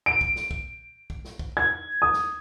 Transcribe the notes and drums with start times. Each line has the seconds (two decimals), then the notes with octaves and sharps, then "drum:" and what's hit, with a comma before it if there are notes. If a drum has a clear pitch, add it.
0.06 D7
0.21 drum: kick
0.36 drum: snare
0.51 drum: kick
1.10 drum: kick
1.25 drum: snare
1.39 drum: kick
1.57 G#6
2.02 D#6
2.13 drum: snare